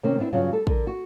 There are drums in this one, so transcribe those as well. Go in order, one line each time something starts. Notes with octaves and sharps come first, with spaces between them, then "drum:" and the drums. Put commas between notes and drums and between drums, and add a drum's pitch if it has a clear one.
C3 D#3 A#3 C#4 C5
B3 C4 D4 E4
G2 C#3 F#3 F4 F#4
G3 A4
D3 A#4, drum: kick
F#4